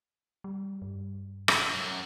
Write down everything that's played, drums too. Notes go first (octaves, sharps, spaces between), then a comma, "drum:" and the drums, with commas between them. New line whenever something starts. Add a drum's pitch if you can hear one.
G3
G2
drum: rim click
F#2